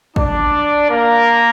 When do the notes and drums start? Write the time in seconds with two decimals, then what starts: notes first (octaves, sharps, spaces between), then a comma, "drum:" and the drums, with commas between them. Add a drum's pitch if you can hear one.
0.16 D4 D5, drum: kick
0.90 A#3 A#4